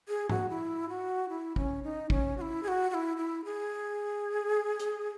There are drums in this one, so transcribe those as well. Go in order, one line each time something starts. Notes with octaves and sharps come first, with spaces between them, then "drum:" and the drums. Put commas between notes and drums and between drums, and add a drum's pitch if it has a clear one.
G#4
F#4, drum: tom G#2
E4
F#4
E4
C#4, drum: kick
D#4
C#4, drum: kick
F#4
E4
G#4
F#4
F#4
E4
E4
G#4
drum: hi-hat